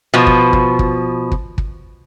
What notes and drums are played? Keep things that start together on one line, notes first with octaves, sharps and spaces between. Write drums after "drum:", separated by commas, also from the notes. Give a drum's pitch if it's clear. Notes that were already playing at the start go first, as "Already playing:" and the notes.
B2 F3
drum: kick
drum: kick
drum: kick
drum: kick
drum: kick